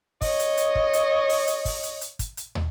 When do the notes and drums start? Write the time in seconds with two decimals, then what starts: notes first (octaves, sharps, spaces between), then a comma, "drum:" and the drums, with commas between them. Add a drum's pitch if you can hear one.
0.21 C#5 D#5, drum: kick, open hi-hat
0.39 drum: hi-hat
0.57 drum: hi-hat
0.75 drum: kick
0.93 drum: hi-hat
1.29 drum: open hi-hat
1.47 drum: hi-hat
1.65 drum: kick, open hi-hat
1.83 drum: hi-hat
2.01 drum: hi-hat
2.19 drum: kick, hi-hat
2.37 drum: hi-hat
2.55 drum: tom